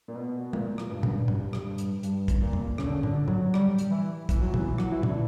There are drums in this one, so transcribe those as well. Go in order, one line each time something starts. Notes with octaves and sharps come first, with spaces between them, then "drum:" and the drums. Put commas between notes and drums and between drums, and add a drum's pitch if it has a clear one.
A#2
B2
A#2, drum: tom
drum: rim click
G2
drum: tom A#2
drum: tom A2
drum: rim click
drum: hi-hat
G2, drum: hi-hat
drum: kick, hi-hat
A#2
drum: tom E2
C#3, drum: rim click
D3
C#3
D3, drum: tom A2
F#3, drum: tom A2
G3, drum: rim click
drum: hi-hat
E3
E3, drum: kick, hi-hat
F#3
E3, drum: tom A#2
F#3, drum: rim click
E3
D3, drum: tom A#2